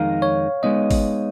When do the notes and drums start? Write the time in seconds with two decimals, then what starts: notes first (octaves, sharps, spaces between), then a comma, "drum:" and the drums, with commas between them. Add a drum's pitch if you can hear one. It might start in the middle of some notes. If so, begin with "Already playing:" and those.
Already playing: F2 D#3 G#3 D#4 A#4 F5
0.22 C#5
0.63 G#3 B3 D#4 D#5
0.91 drum: kick, open hi-hat